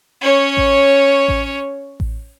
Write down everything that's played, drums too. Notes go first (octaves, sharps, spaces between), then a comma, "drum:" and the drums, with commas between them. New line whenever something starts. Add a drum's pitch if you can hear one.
C#4 C#5
drum: kick A1
drum: kick A1
drum: kick A1